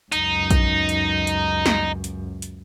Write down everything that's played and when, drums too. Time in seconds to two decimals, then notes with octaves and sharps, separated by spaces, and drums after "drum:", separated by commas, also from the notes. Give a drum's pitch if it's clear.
0.12 C#2 F#2 D#4, drum: hi-hat
0.51 drum: kick A#1, hi-hat
0.89 drum: hi-hat
1.27 drum: hi-hat
1.66 drum: snare
2.04 drum: hi-hat
2.42 drum: hi-hat